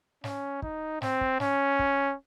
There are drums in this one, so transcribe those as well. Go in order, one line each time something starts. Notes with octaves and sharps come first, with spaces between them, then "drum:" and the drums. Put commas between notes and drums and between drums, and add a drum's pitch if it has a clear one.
C#4, drum: snare
D#4, drum: kick
C4, drum: snare
drum: kick
C#4, drum: snare
drum: kick